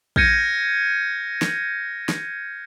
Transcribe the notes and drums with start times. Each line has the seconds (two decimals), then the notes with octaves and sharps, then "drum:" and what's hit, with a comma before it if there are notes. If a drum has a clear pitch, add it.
0.16 F6 G6 G#6 A#6 C#7 D#7, drum: kick
1.42 drum: snare
2.09 drum: snare